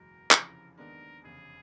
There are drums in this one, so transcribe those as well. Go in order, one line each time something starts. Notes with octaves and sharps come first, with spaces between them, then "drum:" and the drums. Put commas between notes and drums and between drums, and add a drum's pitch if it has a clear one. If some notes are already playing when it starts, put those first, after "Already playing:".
Already playing: F#1 E2 B2 G#3 A#4
F1 F2 C#3 E3, drum: clap
D#2 D#3 G#3 B3 D4 A#4
F1 E2 C#3 G#4